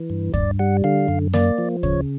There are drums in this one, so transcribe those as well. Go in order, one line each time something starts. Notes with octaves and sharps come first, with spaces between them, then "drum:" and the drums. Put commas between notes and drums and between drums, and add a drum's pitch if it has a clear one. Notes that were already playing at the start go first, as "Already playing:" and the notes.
Already playing: E3
G2
G2 D5, drum: kick
G3 F#5
D3 F5
F#2
A#3 D5, drum: snare
F3
C#3 C#5, drum: kick